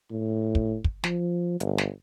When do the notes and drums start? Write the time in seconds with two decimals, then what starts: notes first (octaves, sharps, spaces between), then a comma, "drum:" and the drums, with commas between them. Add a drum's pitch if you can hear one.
0.11 A2
0.55 drum: kick
0.84 drum: kick
1.04 F3, drum: snare
1.60 G1, drum: hi-hat
1.78 drum: snare